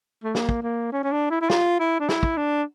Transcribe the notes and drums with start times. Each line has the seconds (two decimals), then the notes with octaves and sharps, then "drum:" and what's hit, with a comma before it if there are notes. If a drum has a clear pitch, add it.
0.24 A3
0.35 A#3, drum: snare
0.49 drum: kick
0.63 A#3
0.92 C#4
1.03 C#4
1.12 D4
1.30 E4
1.41 E4
1.50 F4, drum: snare
1.80 E4
2.00 D4
2.09 E4, drum: snare
2.23 drum: kick
2.37 D4